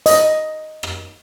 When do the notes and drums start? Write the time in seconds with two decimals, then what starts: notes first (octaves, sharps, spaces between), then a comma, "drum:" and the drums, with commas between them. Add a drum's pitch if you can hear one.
0.06 D#5, drum: hi-hat
0.83 drum: rim click